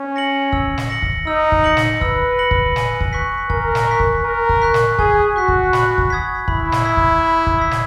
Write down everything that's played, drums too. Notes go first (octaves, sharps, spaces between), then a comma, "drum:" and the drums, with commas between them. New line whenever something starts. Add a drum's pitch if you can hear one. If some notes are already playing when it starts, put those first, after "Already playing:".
Already playing: C#4
A#6 C#7 F#7
E6, drum: kick
drum: snare
A#6 C#7 F#7
drum: kick
D#4 E6
drum: kick
A#6 C#7 F#7
drum: snare
B4 E6, drum: kick
A#6 C#7 F#7
drum: kick
G#5, drum: snare
drum: kick
C#6 F#6 B6
A#4 G#5, drum: kick
drum: snare
C#6 F#6 B6
drum: kick
A#4 G#5
drum: kick
C#6 F#6 B6
drum: snare
G#4 G#5, drum: kick
F#4 C#6 F#6 B6
drum: kick
B5, drum: snare
drum: kick
D#6 G#6 B6
E4 B5, drum: kick
drum: snare
D#6 G#6 B6
drum: kick
B5
drum: kick
D#6 G#6 B6
drum: snare